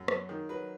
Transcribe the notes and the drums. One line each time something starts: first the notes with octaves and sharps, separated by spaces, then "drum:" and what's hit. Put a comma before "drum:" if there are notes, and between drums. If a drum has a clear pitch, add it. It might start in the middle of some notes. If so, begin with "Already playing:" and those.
Already playing: F#2
F#3, drum: rim click
D#3
F#3 B4